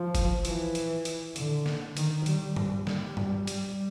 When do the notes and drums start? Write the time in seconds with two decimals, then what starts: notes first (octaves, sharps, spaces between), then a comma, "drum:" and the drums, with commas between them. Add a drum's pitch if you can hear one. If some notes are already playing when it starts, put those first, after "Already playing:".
Already playing: F3
0.15 drum: kick, hi-hat
0.45 E3, drum: hi-hat
0.75 drum: hi-hat
1.05 drum: hi-hat
1.36 D3, drum: hi-hat
1.66 drum: snare
1.97 D#3, drum: hi-hat
2.26 G3, drum: hi-hat
2.56 drum: tom G2
2.87 G3, drum: snare
3.17 drum: tom G2
3.47 G3, drum: hi-hat